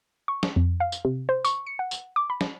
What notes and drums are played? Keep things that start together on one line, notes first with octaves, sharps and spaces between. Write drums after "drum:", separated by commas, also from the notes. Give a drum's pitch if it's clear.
C#6
drum: snare
F2
F5
drum: tambourine
C3
C5
C#6, drum: tambourine
C#7
F#5
drum: tambourine
D6
B5
drum: snare